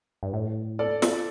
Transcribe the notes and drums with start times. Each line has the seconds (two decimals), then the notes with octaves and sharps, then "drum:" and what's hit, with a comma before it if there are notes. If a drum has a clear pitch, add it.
0.23 G2
0.33 A2
0.79 A4 D5
1.02 drum: snare